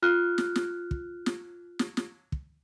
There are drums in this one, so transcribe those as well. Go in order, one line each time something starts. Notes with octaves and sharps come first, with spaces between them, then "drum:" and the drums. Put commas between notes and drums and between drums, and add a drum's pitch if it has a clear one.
F4 F6 F#6
drum: snare
drum: snare
drum: kick
drum: snare
drum: snare
drum: snare
drum: kick